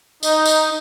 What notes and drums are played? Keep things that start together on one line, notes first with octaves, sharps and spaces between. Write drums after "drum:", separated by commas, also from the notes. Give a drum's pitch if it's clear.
D#4, drum: tambourine
drum: tambourine